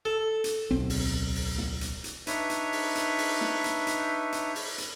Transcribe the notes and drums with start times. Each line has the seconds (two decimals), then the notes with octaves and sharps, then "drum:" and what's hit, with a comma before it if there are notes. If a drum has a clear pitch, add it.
0.05 A4
0.44 drum: hi-hat
0.71 D1 B1 C4
0.90 drum: open hi-hat
1.35 drum: open hi-hat
1.58 drum: snare
1.81 drum: hi-hat
2.04 drum: hi-hat
2.27 D4 D#4 B4 C#5 E5, drum: hi-hat
2.50 drum: hi-hat
2.72 drum: open hi-hat
2.95 drum: hi-hat
3.18 drum: open hi-hat
3.41 drum: snare
3.64 drum: hi-hat
3.87 drum: hi-hat
4.32 drum: hi-hat
4.55 drum: open hi-hat
4.78 drum: hi-hat